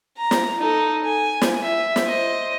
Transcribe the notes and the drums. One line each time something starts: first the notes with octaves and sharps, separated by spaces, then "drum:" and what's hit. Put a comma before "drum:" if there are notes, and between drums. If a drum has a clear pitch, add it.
A#5
drum: snare
D#4 A4
G#5
drum: snare
E5
drum: snare
C5 D#5